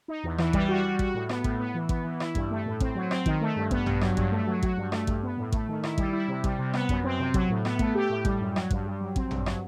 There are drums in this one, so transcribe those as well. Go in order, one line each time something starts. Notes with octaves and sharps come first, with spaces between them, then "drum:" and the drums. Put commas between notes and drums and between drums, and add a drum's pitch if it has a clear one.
D#4
E2
E3, drum: rim click
G3, drum: kick A1
F#4
G3
F#4, drum: kick A1
A2
B3, drum: rim click
A2, drum: kick A1
B3
E3
B3, drum: kick A1
E3
E4, drum: rim click
G2, drum: kick A1
A3
A2
C4, drum: kick A1
F#3
C4, drum: rim click
D#3, drum: kick A1
A3
G2
B3, drum: kick A1
G2, drum: tom
F#3, drum: rim click
G2, drum: kick A1
A3
F#3
F#4, drum: kick A1
G2
A3, drum: rim click
G2, drum: kick A1
B3
A2
A3, drum: kick A1
D#3
E4, drum: rim click
G3, drum: kick A1
E4
C3
G3, drum: kick A1
C3
B3, drum: rim click
F#2, drum: kick A1
C4
C3
F#3, drum: kick A1
A2
B3, drum: rim click
A3, drum: kick A1
G4
A2
G3, drum: kick A1
F#2
F#3, drum: rim click
G2, drum: kick A1
G3
F#3
C4, drum: kick A1
G2, drum: tom
F#3, drum: rim click